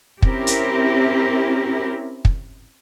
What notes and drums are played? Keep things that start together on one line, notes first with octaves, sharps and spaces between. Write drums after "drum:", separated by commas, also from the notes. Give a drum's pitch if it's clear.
C4 C#4 E4 G4 A#4, drum: kick
drum: hi-hat
drum: kick